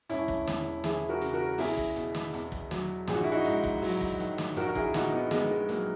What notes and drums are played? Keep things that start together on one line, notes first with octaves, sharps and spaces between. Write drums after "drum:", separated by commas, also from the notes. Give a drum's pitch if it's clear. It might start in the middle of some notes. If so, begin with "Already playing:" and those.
E1 C#4 E4, drum: hi-hat
drum: kick
E2, drum: snare
E3 E4 G#4, drum: snare
F#4 A#4
C#3, drum: hi-hat
F#4 A#4
E2 E4 G#4, drum: open hi-hat
drum: kick
B2, drum: hi-hat
drum: snare
E2, drum: hi-hat
drum: kick
F#3, drum: snare
A#1 G#4, drum: snare
F#4
E4
D#4 F#4
G#2, drum: hi-hat
drum: kick
F#3, drum: open hi-hat
drum: kick
D#3, drum: hi-hat
drum: snare
A#1 F#4 A#4, drum: hi-hat
A#4
E4 G#4, drum: kick
A#2 D#4 F#4, drum: snare
B3 D#4
A#1 G#3 B3, drum: snare
G#3
F#3 A#3, drum: hi-hat